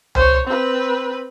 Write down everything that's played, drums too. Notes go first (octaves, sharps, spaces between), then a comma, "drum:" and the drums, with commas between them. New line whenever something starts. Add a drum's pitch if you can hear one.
C5 C#5, drum: tom C#2
C4 B4